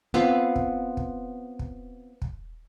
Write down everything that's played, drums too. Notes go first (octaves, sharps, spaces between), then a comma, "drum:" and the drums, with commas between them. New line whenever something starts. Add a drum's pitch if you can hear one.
B3 C4 F4
drum: kick
drum: kick
drum: kick
drum: kick